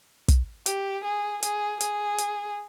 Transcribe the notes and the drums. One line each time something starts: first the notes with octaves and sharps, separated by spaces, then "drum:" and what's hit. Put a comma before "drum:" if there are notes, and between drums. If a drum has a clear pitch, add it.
drum: kick, hi-hat
G4, drum: hi-hat
G#4
G#4, drum: hi-hat
G#4, drum: hi-hat
drum: hi-hat